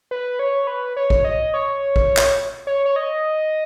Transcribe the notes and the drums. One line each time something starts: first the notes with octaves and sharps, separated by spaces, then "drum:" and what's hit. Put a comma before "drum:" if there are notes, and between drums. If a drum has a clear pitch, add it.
B4
C#5
B4
C#5
drum: kick A#1
D#5
C#5
drum: kick A#1
drum: clap
C#5
C#5
D#5